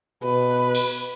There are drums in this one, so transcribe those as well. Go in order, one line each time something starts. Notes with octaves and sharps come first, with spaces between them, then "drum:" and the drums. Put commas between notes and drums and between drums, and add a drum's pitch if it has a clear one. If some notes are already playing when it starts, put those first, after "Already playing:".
B2 B4
drum: cymbal